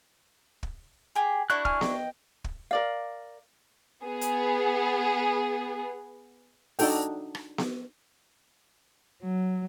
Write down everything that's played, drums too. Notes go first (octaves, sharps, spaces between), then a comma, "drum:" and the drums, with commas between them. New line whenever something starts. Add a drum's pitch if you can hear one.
drum: kick
G4 G#4
D4 E4 F#4 F#6
G#5 F6, drum: kick
D#5 G5, drum: snare B3
drum: kick
A#4 D5 F5
B3 G#4
drum: hi-hat
D4 D#4 F#4 A4 G5, drum: open hi-hat
drum: rim click
drum: snare B3
F#3